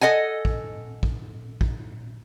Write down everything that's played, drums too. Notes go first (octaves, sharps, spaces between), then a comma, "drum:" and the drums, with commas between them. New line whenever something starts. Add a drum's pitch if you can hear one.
A4 D#5 F#5 G#5
drum: kick A#1
drum: kick A#1
drum: kick A#1